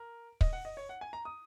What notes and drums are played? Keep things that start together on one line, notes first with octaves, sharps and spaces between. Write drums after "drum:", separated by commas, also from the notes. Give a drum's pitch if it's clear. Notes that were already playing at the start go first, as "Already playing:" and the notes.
Already playing: A#4
D#5, drum: kick
F#5
D#5
C#5
F#5
G#5
A#5
D#6